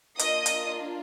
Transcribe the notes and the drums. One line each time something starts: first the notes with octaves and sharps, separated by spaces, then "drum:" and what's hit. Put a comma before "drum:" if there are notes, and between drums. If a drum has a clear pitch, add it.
A#3 D4 F4 D#5 D#6, drum: hi-hat
drum: hi-hat